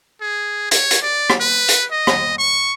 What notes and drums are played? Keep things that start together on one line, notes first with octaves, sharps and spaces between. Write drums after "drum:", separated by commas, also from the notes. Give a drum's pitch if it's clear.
G#4
C#5, drum: hi-hat
drum: hi-hat
D5
drum: rim click
B4
drum: hi-hat
D#5
drum: rim click
C#6